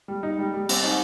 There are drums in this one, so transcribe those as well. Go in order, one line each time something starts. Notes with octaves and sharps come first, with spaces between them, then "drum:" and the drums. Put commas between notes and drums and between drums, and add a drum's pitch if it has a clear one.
G3
D#4
G3
G3
C4, drum: cymbal
D#4